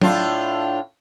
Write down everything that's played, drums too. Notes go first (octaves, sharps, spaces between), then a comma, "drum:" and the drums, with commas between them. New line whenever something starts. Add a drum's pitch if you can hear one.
A2 D4 F4, drum: tom